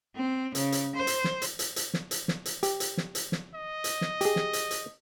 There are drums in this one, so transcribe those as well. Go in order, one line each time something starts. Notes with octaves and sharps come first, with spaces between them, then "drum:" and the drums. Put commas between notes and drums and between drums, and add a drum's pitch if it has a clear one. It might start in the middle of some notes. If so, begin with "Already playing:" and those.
C4
C#3, drum: hi-hat
drum: hi-hat
C5
drum: hi-hat
drum: snare
drum: hi-hat
drum: hi-hat
drum: hi-hat
drum: snare
drum: hi-hat
drum: snare
drum: hi-hat
G4, drum: hi-hat
drum: hi-hat
drum: snare
drum: hi-hat
drum: snare
D#5
drum: hi-hat
drum: snare
G4 G#4, drum: hi-hat
drum: snare
drum: hi-hat
drum: hi-hat